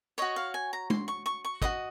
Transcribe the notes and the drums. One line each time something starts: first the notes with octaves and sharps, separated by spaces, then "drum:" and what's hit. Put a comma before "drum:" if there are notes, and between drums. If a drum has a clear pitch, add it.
F#4 C#5 D#5
F5
G#5
A#5
C6, drum: tom
C#6
C#6
C#6
F#4 C5 D#5 D#6, drum: kick